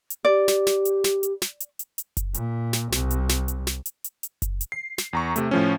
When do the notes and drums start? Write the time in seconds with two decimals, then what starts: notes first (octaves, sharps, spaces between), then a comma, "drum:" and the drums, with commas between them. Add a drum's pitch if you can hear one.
0.10 drum: hi-hat
0.25 G4 D5
0.48 drum: snare
0.67 drum: snare
0.85 drum: hi-hat
1.04 drum: snare
1.23 drum: hi-hat
1.42 drum: snare
1.60 drum: hi-hat
1.79 drum: hi-hat
1.98 drum: hi-hat
2.17 drum: kick F#1, hi-hat
2.34 A#2, drum: hi-hat
2.73 drum: snare
2.92 C2, drum: snare
3.11 drum: hi-hat
3.29 drum: snare
3.48 drum: hi-hat
3.67 drum: snare
3.86 drum: hi-hat
4.04 drum: hi-hat
4.23 drum: hi-hat
4.42 drum: kick F#1, hi-hat
4.61 drum: hi-hat
4.72 C7
4.98 drum: snare
5.13 E2 A#5 C#6
5.36 C3 A3, drum: hi-hat
5.51 A2 F3 C#4